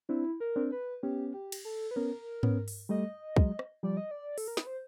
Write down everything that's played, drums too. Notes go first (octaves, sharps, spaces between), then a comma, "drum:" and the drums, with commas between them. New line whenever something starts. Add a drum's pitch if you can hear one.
C4 D4 E4
A#4
C4 D4
B4
B3 C#4 G4
G4
drum: cymbal
A4
B4
B3 C#4 A#4
B3 C#4, drum: tom G#2
drum: open hi-hat
G3 A3 D#5
F#3 G#3, drum: kick
drum: rim click
F3 G3 D5
D#5
D5
A4, drum: open hi-hat
A#4
B4, drum: snare
C5